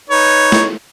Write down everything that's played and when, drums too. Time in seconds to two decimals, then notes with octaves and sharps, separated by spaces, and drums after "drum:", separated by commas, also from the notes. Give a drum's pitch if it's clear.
0.10 D#4 B4 C#5
0.52 drum: snare